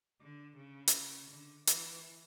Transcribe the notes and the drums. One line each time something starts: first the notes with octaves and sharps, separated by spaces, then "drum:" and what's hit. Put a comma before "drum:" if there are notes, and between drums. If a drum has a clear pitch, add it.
D3
C#3
drum: hi-hat
D3
E3, drum: hi-hat